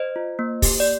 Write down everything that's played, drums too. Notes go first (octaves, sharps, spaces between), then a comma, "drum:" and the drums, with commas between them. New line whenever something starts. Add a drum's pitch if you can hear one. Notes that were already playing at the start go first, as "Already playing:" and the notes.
Already playing: C5 D#5
F4
A#3
G4, drum: kick, open hi-hat
D5